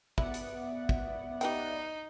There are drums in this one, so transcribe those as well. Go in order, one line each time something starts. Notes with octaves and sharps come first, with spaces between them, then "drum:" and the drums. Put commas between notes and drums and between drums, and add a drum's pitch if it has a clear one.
B3 E4 D5 E5 F#5, drum: kick
drum: hi-hat
drum: kick
D#4 G4 B4 G5, drum: hi-hat